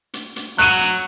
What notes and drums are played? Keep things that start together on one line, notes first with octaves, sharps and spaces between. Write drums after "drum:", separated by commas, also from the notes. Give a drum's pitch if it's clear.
drum: hi-hat
drum: hi-hat
F#3 F#6 D#7, drum: hi-hat
drum: hi-hat